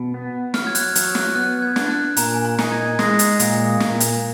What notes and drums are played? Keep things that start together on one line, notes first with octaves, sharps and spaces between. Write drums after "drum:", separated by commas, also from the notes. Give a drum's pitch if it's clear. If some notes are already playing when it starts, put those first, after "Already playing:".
Already playing: B2
B3
F#3 F6, drum: snare
G#6
F#6, drum: hi-hat
F#3 F#6, drum: hi-hat
F#6, drum: snare
B3 F#6
G#6
D4, drum: snare
F#6
A#2 A#5, drum: hi-hat
G#5
A#5
D#4, drum: snare
G#6
G#3 A#6, drum: snare
drum: hi-hat
A#2, drum: hi-hat
A#2, drum: snare
drum: hi-hat